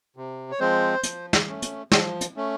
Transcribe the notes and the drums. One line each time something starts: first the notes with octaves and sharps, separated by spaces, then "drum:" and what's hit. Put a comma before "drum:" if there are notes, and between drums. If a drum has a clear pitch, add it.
C3
C#5
F3 G#3 C4 C5
F3, drum: hi-hat
drum: snare
A3 C#4
drum: hi-hat
F3, drum: snare
drum: hi-hat
A3 C#4